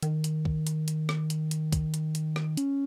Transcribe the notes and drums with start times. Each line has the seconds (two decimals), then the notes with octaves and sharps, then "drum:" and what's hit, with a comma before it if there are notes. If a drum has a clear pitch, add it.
0.03 D#3, drum: hi-hat
0.24 drum: hi-hat
0.45 drum: kick
0.67 drum: hi-hat
0.88 drum: hi-hat
1.09 drum: rim click
1.30 drum: hi-hat
1.51 drum: hi-hat
1.72 drum: kick, hi-hat
1.94 drum: hi-hat
2.15 drum: hi-hat
2.36 drum: rim click
2.57 C#4, drum: hi-hat